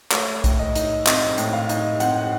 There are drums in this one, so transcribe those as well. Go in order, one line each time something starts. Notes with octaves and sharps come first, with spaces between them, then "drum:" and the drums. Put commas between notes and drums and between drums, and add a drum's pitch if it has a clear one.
A3 C#5, drum: clap
A2, drum: kick, hi-hat
D#5
D#4, drum: hi-hat
C4 D#5, drum: clap
A2, drum: hi-hat
F5
D#4, drum: hi-hat
C4 F#5, drum: hi-hat